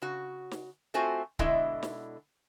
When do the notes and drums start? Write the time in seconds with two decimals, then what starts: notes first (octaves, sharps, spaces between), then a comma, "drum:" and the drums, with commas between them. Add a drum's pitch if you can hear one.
0.02 C#3 F#4
0.51 drum: snare
0.94 A3 C4 F4 F#4 C5 G#5
1.39 B2 D3 G#3 E4 D#5 E5, drum: kick C#1
1.83 drum: snare